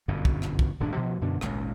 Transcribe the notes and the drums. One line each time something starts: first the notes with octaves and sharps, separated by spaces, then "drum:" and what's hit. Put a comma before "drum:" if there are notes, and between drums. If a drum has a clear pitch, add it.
G1 F#2 B2
drum: kick
drum: rim click
drum: kick
D#1 G#2 G#3 D4
B2 F3
F#2 B2 D3 D4
G#1 C#2 A#2, drum: rim click